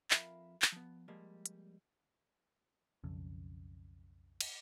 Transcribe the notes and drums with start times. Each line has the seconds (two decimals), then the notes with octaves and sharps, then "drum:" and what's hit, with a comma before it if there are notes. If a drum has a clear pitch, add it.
0.11 F2 F4 A#4 E5 F5 B5, drum: clap
0.62 drum: clap
0.72 F3 B3
1.08 F3 G3 G#3 A#3
1.46 drum: hi-hat
3.04 B1 F2 C#3
4.41 drum: cymbal